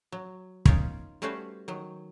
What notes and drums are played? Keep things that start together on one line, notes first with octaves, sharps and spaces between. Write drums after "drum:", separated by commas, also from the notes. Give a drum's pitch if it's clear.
F#3
C#4 D#4 F4 A#4 C#5, drum: kick
G3 A3 C#4 F#4 B4 C5
D#3 F#3